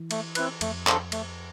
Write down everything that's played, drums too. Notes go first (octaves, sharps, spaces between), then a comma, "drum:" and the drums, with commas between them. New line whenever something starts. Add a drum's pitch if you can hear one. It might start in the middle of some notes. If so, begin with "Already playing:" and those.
Already playing: E3
A3, drum: cymbal
C4 E4 B4, drum: cymbal
F2 A3, drum: cymbal
D4 A4 C5, drum: clap
A3, drum: cymbal